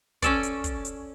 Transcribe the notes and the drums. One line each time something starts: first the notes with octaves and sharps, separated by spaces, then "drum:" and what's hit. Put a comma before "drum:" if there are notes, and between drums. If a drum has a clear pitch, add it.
C#4 A4 D5, drum: kick, hi-hat
drum: hi-hat
drum: kick, hi-hat
drum: hi-hat